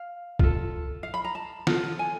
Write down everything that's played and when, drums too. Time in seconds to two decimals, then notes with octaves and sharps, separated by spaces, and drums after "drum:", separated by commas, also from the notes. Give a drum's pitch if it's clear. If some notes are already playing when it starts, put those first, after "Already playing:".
Already playing: F5
0.39 F4 A4, drum: kick
1.03 F5
1.14 B5
1.24 A#5
1.35 A5
1.67 F4 A4, drum: snare
1.99 G#5